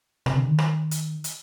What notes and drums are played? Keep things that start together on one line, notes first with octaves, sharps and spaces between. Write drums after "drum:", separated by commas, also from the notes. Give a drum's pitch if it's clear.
C3, drum: rim click
D3
D#3
drum: rim click
drum: hi-hat
drum: hi-hat